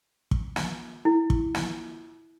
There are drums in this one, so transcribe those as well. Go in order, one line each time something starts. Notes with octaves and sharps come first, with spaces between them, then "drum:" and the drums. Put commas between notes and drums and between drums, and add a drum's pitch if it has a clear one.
drum: kick
drum: snare
E4
drum: kick
drum: snare